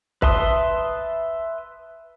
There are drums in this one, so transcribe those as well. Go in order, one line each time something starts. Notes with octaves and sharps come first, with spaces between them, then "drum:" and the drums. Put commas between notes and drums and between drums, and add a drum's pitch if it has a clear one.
B4 E5 A5 C6 D#6, drum: kick